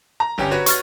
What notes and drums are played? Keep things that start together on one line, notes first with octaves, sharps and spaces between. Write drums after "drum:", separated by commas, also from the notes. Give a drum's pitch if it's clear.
A#5
G1 C#4 G4
F#4 B4 C#5
C#6 F6 A6, drum: hi-hat